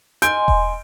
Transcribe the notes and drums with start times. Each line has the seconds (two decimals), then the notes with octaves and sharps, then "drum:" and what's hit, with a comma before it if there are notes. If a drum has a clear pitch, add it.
0.22 D#5 G#5 C6 G6 D7, drum: hi-hat
0.48 drum: kick E1